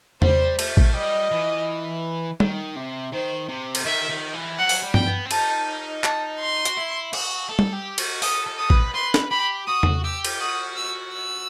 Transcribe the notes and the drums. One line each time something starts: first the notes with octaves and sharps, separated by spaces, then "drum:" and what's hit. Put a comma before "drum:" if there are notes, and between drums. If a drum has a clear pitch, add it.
G3 C5, drum: tom E2
A3, drum: cymbal
drum: kick A1
G3 D#5
E3
D#3, drum: tom G3
C3
D#3 C5
C3
drum: cymbal
D#3 E5
D#3
E3
F#3 F#5
drum: open hi-hat
G3
G5, drum: tom G2
B3
C4
D#4 A5, drum: cymbal
A5, drum: clap
C6
F#4, drum: hi-hat
E4
F#4, drum: cymbal
A4
drum: tom G3
G4
F#4, drum: cymbal
A4 D#6, drum: open hi-hat
A4
D#6
B4, drum: kick A1
B4 C6
drum: snare
G4 B5
F#4 D#6
drum: tom E2
G4 E6
drum: cymbal
F#4 D#6
E6
E6